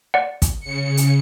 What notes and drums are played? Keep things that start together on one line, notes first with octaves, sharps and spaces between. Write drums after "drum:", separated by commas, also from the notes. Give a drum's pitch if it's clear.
D5 F#5
drum: kick, hi-hat
C#3 C#7
drum: hi-hat